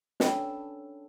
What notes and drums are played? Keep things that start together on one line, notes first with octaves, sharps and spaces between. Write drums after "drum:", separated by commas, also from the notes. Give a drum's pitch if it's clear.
C#4 D4 A4 B4 G5 B5, drum: snare